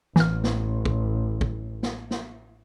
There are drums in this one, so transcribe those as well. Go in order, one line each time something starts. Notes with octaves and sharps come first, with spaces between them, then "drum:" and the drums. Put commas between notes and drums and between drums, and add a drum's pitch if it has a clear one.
A1 E3 F6, drum: snare
drum: snare
drum: kick
drum: kick
drum: snare
drum: snare